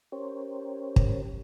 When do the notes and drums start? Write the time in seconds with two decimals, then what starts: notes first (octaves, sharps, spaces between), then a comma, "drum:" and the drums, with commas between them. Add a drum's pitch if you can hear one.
0.12 C#4 G4 A#4 C5 C#5
0.96 drum: kick